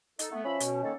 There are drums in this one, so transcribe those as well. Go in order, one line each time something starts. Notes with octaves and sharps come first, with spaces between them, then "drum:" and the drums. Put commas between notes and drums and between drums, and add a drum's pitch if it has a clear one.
D#4 A4, drum: hi-hat
A3 B3
F3 C#4 E5 B5
B2, drum: hi-hat
D#3 A#3 A4